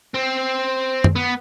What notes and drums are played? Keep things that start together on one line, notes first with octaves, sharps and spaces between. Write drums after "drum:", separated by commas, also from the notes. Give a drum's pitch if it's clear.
C4
drum: tom F#2
B3